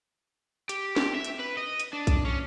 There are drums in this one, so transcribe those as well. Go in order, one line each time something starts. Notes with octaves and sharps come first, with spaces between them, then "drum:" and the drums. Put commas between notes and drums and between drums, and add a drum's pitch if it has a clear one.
G4, drum: hi-hat
G4, drum: snare
E5
drum: hi-hat
B4
D#5
drum: hi-hat
D4
drum: kick, hi-hat
C#4